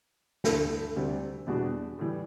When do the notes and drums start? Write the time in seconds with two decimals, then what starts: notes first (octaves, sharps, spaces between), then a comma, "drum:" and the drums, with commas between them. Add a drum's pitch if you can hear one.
0.44 G2 D3 A3 E4 A4, drum: snare
0.96 D2 C3 G3
1.47 E2 B2 G3 D4 F#4
1.99 A2 E3 G3